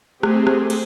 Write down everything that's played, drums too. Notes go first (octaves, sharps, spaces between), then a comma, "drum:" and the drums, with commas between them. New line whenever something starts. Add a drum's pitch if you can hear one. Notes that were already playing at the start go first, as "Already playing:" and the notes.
A3 C4 G4 G#4, drum: rim click
drum: rim click
drum: cymbal